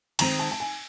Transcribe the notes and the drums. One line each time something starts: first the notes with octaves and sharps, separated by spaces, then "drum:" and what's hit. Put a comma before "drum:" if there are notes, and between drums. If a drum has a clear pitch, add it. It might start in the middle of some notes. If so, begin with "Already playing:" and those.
D#3 G#3 C4 A#5, drum: cymbal
A5
A5
G#5